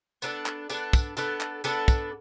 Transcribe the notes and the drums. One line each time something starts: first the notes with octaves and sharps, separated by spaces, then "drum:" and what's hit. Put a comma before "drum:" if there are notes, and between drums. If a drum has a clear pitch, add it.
B3 D4 A4, drum: tambourine
drum: clap
B3 D4 A4, drum: tambourine
drum: kick, tambourine
B3 D4 A4, drum: tambourine
drum: clap
B3 D4 A4, drum: tambourine
drum: kick, tambourine